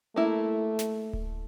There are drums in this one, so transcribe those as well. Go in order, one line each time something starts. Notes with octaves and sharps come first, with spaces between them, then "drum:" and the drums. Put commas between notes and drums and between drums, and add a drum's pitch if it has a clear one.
A3 A#3 E4
drum: snare
drum: kick D1